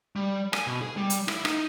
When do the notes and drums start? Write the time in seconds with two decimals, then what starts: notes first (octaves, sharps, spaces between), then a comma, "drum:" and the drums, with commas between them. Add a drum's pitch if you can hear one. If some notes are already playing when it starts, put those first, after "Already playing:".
0.16 G3
0.53 G#5, drum: rim click
0.67 B2
0.82 G#4
0.97 G3
1.10 drum: hi-hat
1.28 E4, drum: rim click
1.45 D#4, drum: rim click